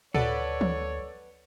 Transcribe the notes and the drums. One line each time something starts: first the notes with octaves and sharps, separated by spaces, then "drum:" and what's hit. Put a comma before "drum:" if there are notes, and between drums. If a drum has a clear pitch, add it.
D2 A4 B4 C#5 D5 F#5, drum: tom
drum: tom